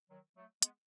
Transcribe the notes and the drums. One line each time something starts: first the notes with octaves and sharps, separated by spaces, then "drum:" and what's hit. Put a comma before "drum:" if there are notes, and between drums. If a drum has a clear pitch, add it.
D#3 F#3
F#3 A3
G#3 B3, drum: hi-hat